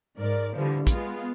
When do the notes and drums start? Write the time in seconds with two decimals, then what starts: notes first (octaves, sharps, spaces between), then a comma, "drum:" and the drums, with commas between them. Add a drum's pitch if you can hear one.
0.17 G#2 A#4 D5
0.56 D3 E3 F3 G3
0.87 G#3 B3 F4 G#4, drum: kick, hi-hat